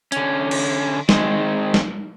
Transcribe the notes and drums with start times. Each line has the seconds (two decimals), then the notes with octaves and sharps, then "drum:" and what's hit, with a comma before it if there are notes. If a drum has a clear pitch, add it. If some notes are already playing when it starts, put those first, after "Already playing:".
0.12 D3 C#4, drum: hi-hat
0.51 drum: cymbal
1.09 D#3 G#3 C4, drum: snare
1.74 drum: snare